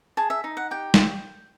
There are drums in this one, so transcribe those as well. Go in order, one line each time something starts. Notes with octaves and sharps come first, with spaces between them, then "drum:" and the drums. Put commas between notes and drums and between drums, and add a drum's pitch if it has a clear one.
G#4 A5
E5
D#4
F#5
G4 G5
drum: snare